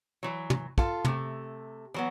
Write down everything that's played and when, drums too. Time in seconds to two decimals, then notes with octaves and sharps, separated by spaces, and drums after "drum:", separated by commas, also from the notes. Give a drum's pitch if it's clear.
0.23 E3 F#3
0.50 drum: tom
0.78 F4 A4, drum: kick
1.05 C3 A3, drum: tom
1.94 E3 F#3 B3